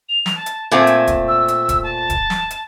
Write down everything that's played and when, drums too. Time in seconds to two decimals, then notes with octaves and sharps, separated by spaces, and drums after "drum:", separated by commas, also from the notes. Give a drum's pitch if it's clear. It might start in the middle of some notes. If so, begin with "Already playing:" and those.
0.09 F7
0.26 drum: snare
0.36 A5
0.46 drum: hi-hat
0.72 A#2 A3 C4 G#5
0.87 drum: hi-hat
1.07 drum: kick, hi-hat
1.28 E6
1.48 drum: hi-hat
1.69 drum: kick, hi-hat
1.83 A5
2.10 drum: kick, hi-hat
2.30 drum: snare
2.50 drum: hi-hat